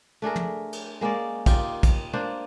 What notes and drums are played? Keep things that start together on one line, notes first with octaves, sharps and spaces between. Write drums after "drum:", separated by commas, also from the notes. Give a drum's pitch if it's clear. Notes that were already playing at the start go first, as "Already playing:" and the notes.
A3 D4 G#4 A#4
drum: tom
drum: cymbal
G#3 A#3 C#4 D5
D#4 F4 G4 D5, drum: kick, cymbal
drum: kick, cymbal
A#3 D4 C5 D5